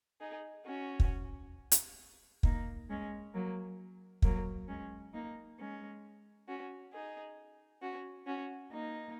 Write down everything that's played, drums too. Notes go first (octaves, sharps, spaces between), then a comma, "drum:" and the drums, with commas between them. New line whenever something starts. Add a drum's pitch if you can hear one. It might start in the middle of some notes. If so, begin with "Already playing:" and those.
D#4 G#4
C#4 F#4
drum: kick
drum: hi-hat
A#3 D#4, drum: kick
G#3 C#4
F#3 A#3
F#3 A#3, drum: kick
G#3 C#4
A#3 D#4
G#3 C#4
C#4 F#4
D#4 G#4
C#4 F#4
C#4 F#4
A#3 D#4